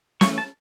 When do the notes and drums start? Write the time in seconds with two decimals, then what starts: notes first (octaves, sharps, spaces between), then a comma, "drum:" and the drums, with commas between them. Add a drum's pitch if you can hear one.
0.21 E3 A3 C#4 C#6, drum: snare
0.38 A5